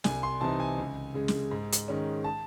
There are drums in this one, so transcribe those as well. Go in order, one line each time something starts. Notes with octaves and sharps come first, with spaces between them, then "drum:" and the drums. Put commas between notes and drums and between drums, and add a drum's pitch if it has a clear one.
C2 G#5, drum: snare
C6
C3 E3 C4 D#4 A5
G#5
C#2
C#3 G#3
drum: snare
G#2
drum: hi-hat
D#3 G#3 C#4
A5